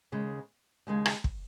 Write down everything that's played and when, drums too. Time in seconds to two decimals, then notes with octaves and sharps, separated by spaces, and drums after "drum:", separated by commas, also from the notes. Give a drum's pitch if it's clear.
0.12 D#2 C#3 G#3
0.87 D#2 C#3 G#3
1.06 drum: rim click
1.24 drum: kick